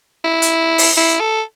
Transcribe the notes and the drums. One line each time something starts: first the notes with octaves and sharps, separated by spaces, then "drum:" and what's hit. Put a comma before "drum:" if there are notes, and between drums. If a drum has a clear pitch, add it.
E4
drum: hi-hat
drum: open hi-hat
E4
A4